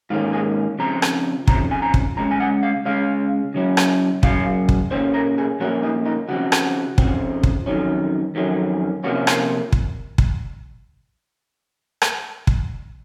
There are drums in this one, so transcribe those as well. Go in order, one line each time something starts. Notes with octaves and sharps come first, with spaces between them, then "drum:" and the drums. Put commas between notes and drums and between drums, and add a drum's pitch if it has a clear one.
G#2 D#3 A#3 C#4 F4
G#4
C#3 F3 C4 A#5
drum: rim click
C#3 F3 C4 A#5, drum: kick
G#5
A#5
drum: kick
C#3 G#3 C#4 A#5
G#5
F#5
F5
C#3 G#3 C#4 F5
C#3 F#3 C#4
drum: rim click
C#3 F#3 C#4 F5, drum: kick
drum: kick
A#2 F3 A#3 C#4 C5
A#4
G#4
A#2 F3 A#3 C#4 F#4
D#4
D#4
C#3 F3 C4 F#4
drum: rim click
C#3 F3 C4, drum: kick
drum: kick
F2 D#3 F#3 C#4
F2 D#3 F#3 C#4
C3 F3 A#3 C#4 F#4
F4, drum: rim click
drum: kick
drum: kick
drum: rim click
drum: kick